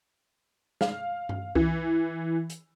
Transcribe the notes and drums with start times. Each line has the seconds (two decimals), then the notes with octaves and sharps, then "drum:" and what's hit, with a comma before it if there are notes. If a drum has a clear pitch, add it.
0.81 F5, drum: snare
1.29 drum: tom G2
1.55 E3, drum: kick C2
2.50 drum: hi-hat